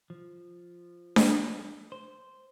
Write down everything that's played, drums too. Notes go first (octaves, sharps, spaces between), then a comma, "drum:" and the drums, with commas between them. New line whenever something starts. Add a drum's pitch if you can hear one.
F3
drum: snare D4
C5